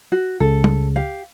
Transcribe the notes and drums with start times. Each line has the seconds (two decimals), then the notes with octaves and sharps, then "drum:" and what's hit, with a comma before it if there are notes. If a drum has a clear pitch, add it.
0.12 F#4
0.40 C#2 C#3 A4
0.64 drum: tom
0.96 G4 F5